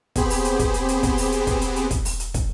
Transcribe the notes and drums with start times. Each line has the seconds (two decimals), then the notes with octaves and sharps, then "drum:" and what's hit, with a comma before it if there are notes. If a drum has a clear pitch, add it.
0.16 B3 C4 G4 G#4 C5 B5, drum: kick, hi-hat
0.30 drum: open hi-hat
0.45 drum: hi-hat
0.59 drum: kick, hi-hat
0.74 drum: hi-hat
0.88 drum: hi-hat
1.03 drum: kick, hi-hat
1.18 drum: open hi-hat
1.32 drum: hi-hat
1.47 drum: kick, hi-hat
1.61 drum: hi-hat
1.76 drum: hi-hat
1.91 drum: kick, hi-hat
2.05 drum: open hi-hat
2.20 drum: hi-hat
2.34 drum: kick, hi-hat